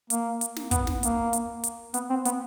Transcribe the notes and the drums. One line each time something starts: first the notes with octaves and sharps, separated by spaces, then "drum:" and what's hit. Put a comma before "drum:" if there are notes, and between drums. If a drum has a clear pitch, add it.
A#3, drum: hi-hat
drum: hi-hat
drum: snare
B3, drum: kick, hi-hat
drum: snare
A#3, drum: hi-hat
drum: hi-hat
drum: hi-hat
B3, drum: hi-hat
C4
B3, drum: hi-hat